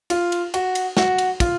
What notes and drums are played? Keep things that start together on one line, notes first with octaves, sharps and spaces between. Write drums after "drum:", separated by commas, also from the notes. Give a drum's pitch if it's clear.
F4, drum: cymbal
drum: cymbal
F#4, drum: cymbal
drum: cymbal
F#4, drum: snare
drum: cymbal
F4, drum: kick, cymbal